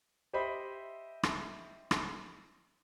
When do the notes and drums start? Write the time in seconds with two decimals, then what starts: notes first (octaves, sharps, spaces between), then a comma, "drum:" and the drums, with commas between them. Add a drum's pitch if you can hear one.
0.33 G4 C5 D#5 E5 B5
1.23 drum: rim click
1.91 drum: rim click